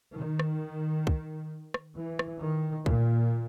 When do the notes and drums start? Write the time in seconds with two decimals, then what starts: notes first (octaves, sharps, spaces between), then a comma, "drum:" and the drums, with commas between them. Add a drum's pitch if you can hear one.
0.18 D#3
0.39 drum: rim click
1.07 drum: kick
1.74 drum: rim click
1.97 E3
2.19 drum: rim click
2.41 D#3
2.86 A#2, drum: kick